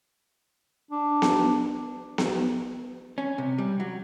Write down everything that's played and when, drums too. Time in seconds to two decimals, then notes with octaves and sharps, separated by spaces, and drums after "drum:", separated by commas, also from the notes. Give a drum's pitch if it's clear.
0.91 D4
1.22 drum: snare B3
2.18 drum: snare B3
3.18 C#4
3.38 C3
3.58 G3
3.80 F#3